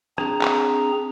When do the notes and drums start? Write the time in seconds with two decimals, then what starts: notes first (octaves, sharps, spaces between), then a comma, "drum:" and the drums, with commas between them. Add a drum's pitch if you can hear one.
0.18 C4 D4 G#4 A#5, drum: rim click
0.41 drum: clap